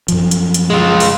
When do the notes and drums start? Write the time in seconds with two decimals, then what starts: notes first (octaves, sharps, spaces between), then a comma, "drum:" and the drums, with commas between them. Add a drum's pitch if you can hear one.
0.08 F#2 F3, drum: hi-hat
0.31 drum: hi-hat
0.54 drum: hi-hat
0.70 G#3 F4
1.00 drum: open hi-hat